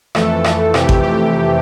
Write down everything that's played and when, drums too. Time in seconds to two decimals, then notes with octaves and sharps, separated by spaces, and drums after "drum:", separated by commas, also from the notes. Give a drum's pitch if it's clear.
0.15 F2 E3 A3 A4, drum: rim click
0.44 drum: rim click
0.74 F2 C3 E3 A3 G4, drum: rim click
0.89 drum: kick G#1
1.03 G4